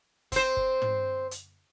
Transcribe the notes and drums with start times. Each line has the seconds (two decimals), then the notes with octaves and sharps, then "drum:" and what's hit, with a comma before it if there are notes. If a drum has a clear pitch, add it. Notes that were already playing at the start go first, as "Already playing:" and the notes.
0.32 C4 C5, drum: kick, hi-hat
0.57 drum: kick
0.82 drum: tom
1.31 drum: hi-hat